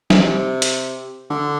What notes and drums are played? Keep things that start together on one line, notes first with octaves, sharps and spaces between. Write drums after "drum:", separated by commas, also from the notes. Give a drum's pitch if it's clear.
C3, drum: snare
drum: hi-hat
D3